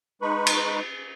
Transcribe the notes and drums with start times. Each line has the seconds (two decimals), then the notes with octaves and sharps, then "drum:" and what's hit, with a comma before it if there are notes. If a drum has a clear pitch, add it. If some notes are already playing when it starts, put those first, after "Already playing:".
0.22 G#3 D#4 B4 B5 C#6
0.47 drum: cymbal